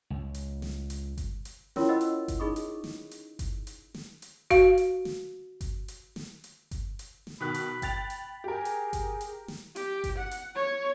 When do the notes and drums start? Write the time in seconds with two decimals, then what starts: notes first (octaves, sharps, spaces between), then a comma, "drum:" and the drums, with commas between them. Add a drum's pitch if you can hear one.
0.10 C#2
0.34 drum: hi-hat
0.62 drum: snare
0.90 drum: hi-hat
1.18 drum: kick G1, hi-hat
1.45 drum: hi-hat
1.76 C#4 E4 F4 A#4 C#5 C6, drum: snare
1.89 C5 D#5 F#5 B5 E6
2.01 drum: hi-hat
2.28 drum: kick G1, hi-hat
2.39 D#4 G#4 D#5 B5 C#6 D#6
2.56 drum: hi-hat
2.84 drum: snare
3.11 drum: hi-hat
3.39 drum: kick G1, hi-hat
3.67 drum: hi-hat
3.94 drum: snare
4.22 drum: hi-hat
4.50 F#4 F5, drum: kick G1, hi-hat
4.78 drum: hi-hat
5.05 drum: snare
5.61 drum: kick G1, hi-hat
5.88 drum: hi-hat
6.16 drum: snare
6.44 drum: hi-hat
6.71 drum: kick G1, hi-hat
6.99 drum: hi-hat
7.27 drum: snare
7.40 B2 D#3 B5 F#6
7.54 drum: hi-hat
7.82 G5 A6 F7, drum: kick G1, hi-hat
8.10 drum: hi-hat
8.44 G4 G#4 A#4
8.65 drum: hi-hat
8.93 drum: kick G1, hi-hat
9.21 drum: hi-hat
9.48 drum: snare
9.76 G4, drum: hi-hat
10.04 drum: kick G1, hi-hat
10.18 F#5
10.31 drum: hi-hat
10.56 C#5